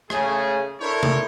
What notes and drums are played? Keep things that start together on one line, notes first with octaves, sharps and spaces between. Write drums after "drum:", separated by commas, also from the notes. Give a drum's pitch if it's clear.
C#3 A3 C#4 G#4, drum: rim click
D4 E4 A4 A#4 C5 C#5
drum: tom C3